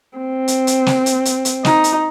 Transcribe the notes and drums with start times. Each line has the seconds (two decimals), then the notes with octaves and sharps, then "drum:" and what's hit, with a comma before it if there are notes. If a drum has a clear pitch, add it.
0.18 C4
0.48 drum: hi-hat
0.67 drum: hi-hat
0.87 drum: snare
1.06 drum: hi-hat
1.25 drum: hi-hat
1.45 drum: hi-hat
1.65 D#4, drum: snare
1.84 drum: hi-hat